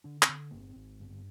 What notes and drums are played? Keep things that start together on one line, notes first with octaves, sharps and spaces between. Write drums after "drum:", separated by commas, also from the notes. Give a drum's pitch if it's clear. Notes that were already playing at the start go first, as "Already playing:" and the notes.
D3 D4
C4, drum: clap
D3
G1 A#3
C4
G#1
G2